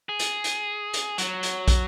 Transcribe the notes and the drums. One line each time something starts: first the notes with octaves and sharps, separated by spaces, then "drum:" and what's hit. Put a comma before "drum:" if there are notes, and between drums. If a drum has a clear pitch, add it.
G#4
drum: hi-hat
drum: hi-hat
drum: hi-hat
F#3, drum: hi-hat
drum: hi-hat
drum: kick, hi-hat